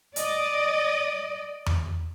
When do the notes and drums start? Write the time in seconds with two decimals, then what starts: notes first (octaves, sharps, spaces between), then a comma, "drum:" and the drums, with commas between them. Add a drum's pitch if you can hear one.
0.16 D5 D#5, drum: hi-hat
1.66 drum: tom E2